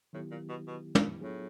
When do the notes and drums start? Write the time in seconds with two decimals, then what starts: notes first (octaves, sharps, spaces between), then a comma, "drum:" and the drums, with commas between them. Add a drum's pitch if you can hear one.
0.13 A2 D#3 F#3 B3 E4 G4
0.31 A#2
0.49 B2
0.68 B2
0.95 A#2, drum: tom
1.21 A2 F#3 B3 D4 F4 G#4